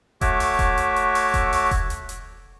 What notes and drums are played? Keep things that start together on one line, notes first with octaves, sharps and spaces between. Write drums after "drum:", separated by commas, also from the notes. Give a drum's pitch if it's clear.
A3 F#4 C#5 E5 D6, drum: kick E1, hi-hat
drum: open hi-hat
drum: kick E1, hi-hat
drum: hi-hat
drum: hi-hat
drum: open hi-hat
drum: kick E1, hi-hat
drum: open hi-hat
drum: kick E1, hi-hat
drum: hi-hat
drum: hi-hat